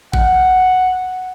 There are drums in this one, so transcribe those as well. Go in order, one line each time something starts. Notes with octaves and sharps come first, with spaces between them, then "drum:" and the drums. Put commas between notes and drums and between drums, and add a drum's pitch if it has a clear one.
F#5, drum: kick G#1